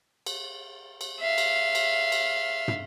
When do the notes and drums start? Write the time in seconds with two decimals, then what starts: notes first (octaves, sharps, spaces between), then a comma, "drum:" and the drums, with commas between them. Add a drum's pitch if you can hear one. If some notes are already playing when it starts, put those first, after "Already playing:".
0.26 drum: cymbal
1.01 drum: cymbal
1.19 E5 F5
1.38 drum: cymbal
1.75 drum: cymbal
2.12 drum: cymbal
2.68 drum: tom